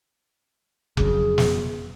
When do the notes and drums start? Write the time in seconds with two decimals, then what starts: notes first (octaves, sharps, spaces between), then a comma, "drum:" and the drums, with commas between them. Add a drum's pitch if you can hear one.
0.97 F2 C#3 F#3 G#4, drum: kick F1
1.38 drum: snare